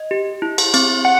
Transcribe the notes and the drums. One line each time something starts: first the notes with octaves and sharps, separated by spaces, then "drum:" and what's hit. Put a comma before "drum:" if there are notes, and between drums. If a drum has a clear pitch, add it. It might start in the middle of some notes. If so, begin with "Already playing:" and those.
Already playing: D#5
G4
E4
drum: cymbal
C4, drum: cymbal
F#5